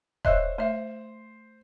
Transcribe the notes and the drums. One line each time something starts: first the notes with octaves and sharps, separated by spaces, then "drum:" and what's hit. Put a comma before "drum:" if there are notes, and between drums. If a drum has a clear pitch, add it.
C5 C#5 D#5 E5 E6 F#6, drum: kick D#1
A3 C5 E5